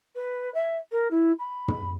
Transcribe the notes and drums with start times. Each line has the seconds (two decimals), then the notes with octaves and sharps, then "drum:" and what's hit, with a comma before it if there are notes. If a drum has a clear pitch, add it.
0.15 B4
0.54 E5
0.92 A#4
1.11 E4
1.39 B5
1.68 drum: tom